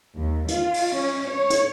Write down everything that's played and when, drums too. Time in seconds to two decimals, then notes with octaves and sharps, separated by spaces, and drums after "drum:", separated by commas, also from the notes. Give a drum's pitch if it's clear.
0.16 D#2
0.48 F4, drum: hi-hat
0.74 drum: open hi-hat
0.94 C#4
1.29 C#5
1.50 drum: hi-hat